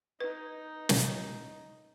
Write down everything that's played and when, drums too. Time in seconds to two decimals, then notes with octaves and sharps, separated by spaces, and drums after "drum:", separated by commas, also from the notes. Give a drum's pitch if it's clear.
0.20 D#4 B4
0.89 drum: snare